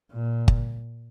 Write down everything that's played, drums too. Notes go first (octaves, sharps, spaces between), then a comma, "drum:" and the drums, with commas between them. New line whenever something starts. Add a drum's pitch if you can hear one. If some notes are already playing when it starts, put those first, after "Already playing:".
A#2
drum: kick G1